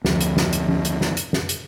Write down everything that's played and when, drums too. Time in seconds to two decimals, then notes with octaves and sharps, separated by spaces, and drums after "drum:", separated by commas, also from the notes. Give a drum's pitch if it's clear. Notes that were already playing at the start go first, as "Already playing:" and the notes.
0.05 D2 F3, drum: snare
0.21 drum: hi-hat
0.37 drum: snare
0.53 drum: hi-hat
0.69 drum: tom F3
0.85 drum: hi-hat
1.01 drum: snare
1.17 drum: hi-hat
1.33 drum: snare
1.49 drum: hi-hat